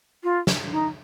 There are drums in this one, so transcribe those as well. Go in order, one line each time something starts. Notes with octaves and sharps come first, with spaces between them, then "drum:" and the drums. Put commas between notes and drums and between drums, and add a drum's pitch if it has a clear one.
F4
drum: snare
D#4